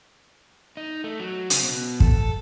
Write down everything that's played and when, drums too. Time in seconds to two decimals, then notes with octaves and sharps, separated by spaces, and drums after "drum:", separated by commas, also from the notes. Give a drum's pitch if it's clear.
0.77 D#4
1.04 A3
1.20 F#3
1.50 C#3, drum: hi-hat
1.63 B2
2.00 A4, drum: kick